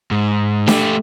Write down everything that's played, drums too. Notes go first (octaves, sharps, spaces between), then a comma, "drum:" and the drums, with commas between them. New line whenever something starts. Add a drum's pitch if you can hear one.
G#2
A3 G4, drum: snare D4